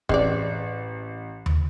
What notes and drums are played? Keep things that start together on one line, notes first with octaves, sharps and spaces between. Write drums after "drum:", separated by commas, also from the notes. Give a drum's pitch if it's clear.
A1 G#3 C4 D5, drum: kick
drum: tom D#2